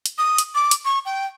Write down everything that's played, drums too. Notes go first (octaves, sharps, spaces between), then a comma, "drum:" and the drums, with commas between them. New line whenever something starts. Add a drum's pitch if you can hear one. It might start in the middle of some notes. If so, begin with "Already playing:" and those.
drum: hi-hat
D#6
drum: hi-hat
D6
drum: hi-hat
C#6
G5